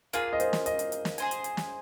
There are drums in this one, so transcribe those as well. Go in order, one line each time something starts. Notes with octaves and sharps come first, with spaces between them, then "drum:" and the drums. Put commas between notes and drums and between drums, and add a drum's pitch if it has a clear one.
A#3 F4 G#4 F5, drum: hi-hat
D#5
C5, drum: hi-hat
drum: snare
D#5, drum: hi-hat
drum: hi-hat
drum: hi-hat
drum: snare
G#4 C5 G#5, drum: hi-hat
drum: hi-hat
drum: hi-hat
drum: snare